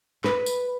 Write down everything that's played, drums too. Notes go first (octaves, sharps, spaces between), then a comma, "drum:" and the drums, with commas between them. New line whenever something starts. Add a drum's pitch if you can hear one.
B4, drum: clap
drum: tambourine